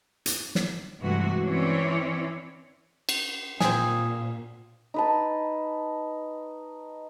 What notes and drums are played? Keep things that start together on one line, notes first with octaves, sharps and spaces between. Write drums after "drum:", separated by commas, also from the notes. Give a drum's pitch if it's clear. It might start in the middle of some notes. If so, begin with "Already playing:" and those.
drum: hi-hat
drum: snare
G2 C3 E3 G#3 A3 F#4
E3 C4 C#4 E4 C#5 D5
drum: cymbal
A#2 C4 G#4, drum: snare
D#4 B4 A5